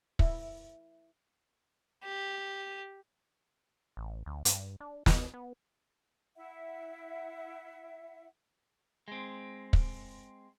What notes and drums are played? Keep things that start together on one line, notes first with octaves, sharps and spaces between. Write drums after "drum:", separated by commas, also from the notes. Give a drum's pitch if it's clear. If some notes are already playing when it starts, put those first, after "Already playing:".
E4, drum: kick
G4
A1
D2
G2, drum: hi-hat
D4
D#2, drum: snare
B3
E4 E5 F#5
G#3 C4
drum: kick